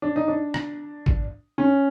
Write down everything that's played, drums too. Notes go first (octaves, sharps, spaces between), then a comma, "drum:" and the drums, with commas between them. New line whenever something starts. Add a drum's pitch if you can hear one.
D4
D#4
D4
drum: rim click
drum: kick A1
C#4